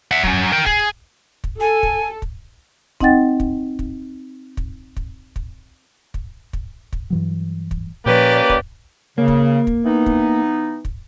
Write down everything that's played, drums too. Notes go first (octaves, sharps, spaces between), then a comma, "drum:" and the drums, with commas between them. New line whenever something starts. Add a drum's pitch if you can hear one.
E5 F#5
F#3 C#4, drum: kick
A#4 G5
G#4, drum: kick
drum: kick
A4 G#5
drum: kick
drum: kick
C4 D#4 D#5 F#5 G5 A6, drum: kick
drum: kick
drum: kick
drum: kick
drum: kick
drum: kick
drum: kick
drum: kick
drum: kick
G2 E3 F#3
drum: kick
A#2 F3 A#3 C#4 G4 B4 D5
drum: kick
C#3 A#3
drum: kick
drum: kick
E3 B3 D#4
drum: kick
drum: kick